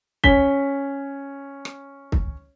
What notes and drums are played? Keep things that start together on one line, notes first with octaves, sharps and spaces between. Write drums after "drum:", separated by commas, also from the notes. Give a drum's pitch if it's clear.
C#4 B6 G7, drum: kick C2
drum: rim click
drum: kick C2